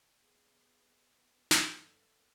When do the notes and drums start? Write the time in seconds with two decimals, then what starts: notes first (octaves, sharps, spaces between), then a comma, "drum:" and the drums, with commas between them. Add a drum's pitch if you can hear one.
0.23 B3 G#4
1.51 G2 C4 A4, drum: snare